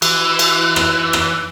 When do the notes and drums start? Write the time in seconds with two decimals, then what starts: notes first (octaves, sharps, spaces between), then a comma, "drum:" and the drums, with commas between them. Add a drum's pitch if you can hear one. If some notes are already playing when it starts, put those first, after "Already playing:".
0.02 E3, drum: cymbal
0.39 drum: cymbal
0.76 drum: rim click
1.13 drum: rim click